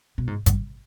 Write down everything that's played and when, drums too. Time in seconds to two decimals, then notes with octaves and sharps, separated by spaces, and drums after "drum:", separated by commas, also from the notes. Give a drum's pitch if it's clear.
0.18 B2
0.27 G#2
0.46 G2, drum: kick, hi-hat